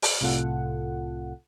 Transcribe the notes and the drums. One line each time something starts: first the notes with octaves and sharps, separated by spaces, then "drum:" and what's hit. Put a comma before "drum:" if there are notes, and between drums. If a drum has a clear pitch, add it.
drum: open hi-hat
C2 A2 C3 F4 A4 F#5